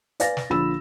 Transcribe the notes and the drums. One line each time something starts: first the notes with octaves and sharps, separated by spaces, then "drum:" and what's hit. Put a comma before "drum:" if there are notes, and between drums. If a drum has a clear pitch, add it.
B4 D5 F5 G#5 A6 A#6, drum: hi-hat
drum: snare
A#1 D3 F4 B5 E6 E7